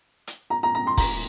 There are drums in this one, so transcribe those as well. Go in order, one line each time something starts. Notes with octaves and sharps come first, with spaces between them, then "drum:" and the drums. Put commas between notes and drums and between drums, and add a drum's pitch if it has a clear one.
drum: hi-hat
A#5
A#5
A#5
C6
A#5, drum: kick, open hi-hat